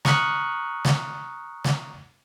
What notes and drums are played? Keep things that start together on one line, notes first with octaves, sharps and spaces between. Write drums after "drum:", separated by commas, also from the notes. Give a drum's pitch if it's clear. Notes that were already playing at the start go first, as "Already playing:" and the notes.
A#5 C#6 D#6 F6 F#6 B6, drum: snare
drum: snare
drum: snare